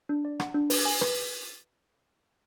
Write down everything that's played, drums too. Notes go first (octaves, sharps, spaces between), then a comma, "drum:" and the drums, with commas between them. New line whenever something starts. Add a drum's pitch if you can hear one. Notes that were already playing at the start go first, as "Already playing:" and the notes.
D4
D5
F#5, drum: rim click
D4
B4, drum: open hi-hat
G#5
B4, drum: rim click